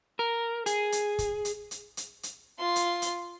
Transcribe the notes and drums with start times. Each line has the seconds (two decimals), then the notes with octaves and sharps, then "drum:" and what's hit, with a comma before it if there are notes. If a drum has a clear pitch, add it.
0.19 A#4
0.66 G#4, drum: hi-hat
0.92 drum: hi-hat
1.19 drum: kick, hi-hat
1.45 drum: hi-hat
1.71 drum: hi-hat
1.97 drum: hi-hat
2.23 drum: hi-hat
2.58 F4 C6
2.76 drum: hi-hat
3.02 drum: hi-hat